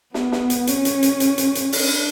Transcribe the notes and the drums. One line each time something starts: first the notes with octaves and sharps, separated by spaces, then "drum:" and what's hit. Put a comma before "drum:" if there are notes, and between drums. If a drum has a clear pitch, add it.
B3, drum: snare
drum: snare
drum: hi-hat
C#4, drum: hi-hat
drum: hi-hat
drum: hi-hat
drum: hi-hat
drum: hi-hat
drum: hi-hat
D4, drum: open hi-hat